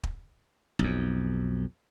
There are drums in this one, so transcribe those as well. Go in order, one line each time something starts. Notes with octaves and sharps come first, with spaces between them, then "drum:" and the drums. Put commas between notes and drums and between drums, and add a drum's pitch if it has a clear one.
drum: kick
B1 F2, drum: kick